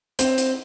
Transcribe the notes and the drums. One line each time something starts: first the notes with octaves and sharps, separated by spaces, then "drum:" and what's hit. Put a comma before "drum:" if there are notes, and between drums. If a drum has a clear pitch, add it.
C4, drum: hi-hat
drum: hi-hat